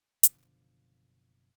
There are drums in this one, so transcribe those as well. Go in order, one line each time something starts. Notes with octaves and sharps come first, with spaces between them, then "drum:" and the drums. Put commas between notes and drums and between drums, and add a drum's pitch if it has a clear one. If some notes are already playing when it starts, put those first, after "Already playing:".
F#1 B2 D3 F3, drum: hi-hat